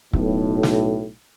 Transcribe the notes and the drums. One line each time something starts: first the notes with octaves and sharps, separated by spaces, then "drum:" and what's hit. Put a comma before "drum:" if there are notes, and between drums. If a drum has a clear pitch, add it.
B1 A2, drum: kick C#1
drum: snare